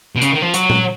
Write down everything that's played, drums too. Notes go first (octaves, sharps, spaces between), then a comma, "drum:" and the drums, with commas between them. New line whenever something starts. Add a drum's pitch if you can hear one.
B2
C#3, drum: hi-hat
D#3
F3
F#3, drum: hi-hat
drum: tom A#2